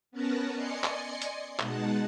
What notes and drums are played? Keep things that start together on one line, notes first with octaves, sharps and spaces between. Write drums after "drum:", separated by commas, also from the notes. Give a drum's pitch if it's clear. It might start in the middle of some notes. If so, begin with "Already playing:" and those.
B3 C#4 A#4 B4 A5 A#5
D5 D#5 G#5 C6 C7 C#7
drum: clap
drum: hi-hat
B2 G#3 D#4 F#5 A5, drum: clap